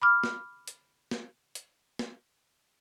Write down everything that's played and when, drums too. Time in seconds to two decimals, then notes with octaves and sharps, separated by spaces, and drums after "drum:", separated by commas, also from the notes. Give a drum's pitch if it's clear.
0.02 B5 D6 F6
0.24 drum: snare
0.67 drum: hi-hat
1.11 drum: snare
1.55 drum: hi-hat
1.99 drum: snare